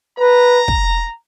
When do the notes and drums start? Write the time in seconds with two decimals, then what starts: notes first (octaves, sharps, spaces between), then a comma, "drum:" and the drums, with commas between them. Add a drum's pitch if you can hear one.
0.19 B4 A#5
0.68 drum: kick